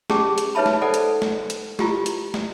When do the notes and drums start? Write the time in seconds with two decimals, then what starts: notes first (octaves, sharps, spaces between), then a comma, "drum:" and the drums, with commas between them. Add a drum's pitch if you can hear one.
0.10 C#4 G4 G#4 A5, drum: snare
0.38 drum: hi-hat
0.55 D#4 B4 C#5 E5 A5 B5
0.66 drum: snare
0.82 A4 C5 D5 F#5 A5
0.94 drum: hi-hat
1.22 drum: snare
1.50 drum: hi-hat
1.79 E4 F4 G4, drum: snare
2.06 drum: hi-hat
2.34 drum: snare